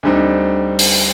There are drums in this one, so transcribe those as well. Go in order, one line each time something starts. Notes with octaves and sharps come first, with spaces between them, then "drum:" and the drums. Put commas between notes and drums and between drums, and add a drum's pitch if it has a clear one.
D2 D3 G3 C4 D#4
drum: open hi-hat